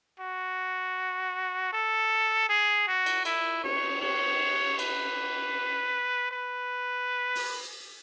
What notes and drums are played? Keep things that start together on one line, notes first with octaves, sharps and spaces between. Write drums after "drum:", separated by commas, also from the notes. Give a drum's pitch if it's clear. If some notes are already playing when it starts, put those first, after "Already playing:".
F#4
A4
G#4
F#4
drum: cymbal
E4, drum: cymbal
C#5, drum: cymbal
C#5, drum: cymbal
B4, drum: cymbal
B4
drum: open hi-hat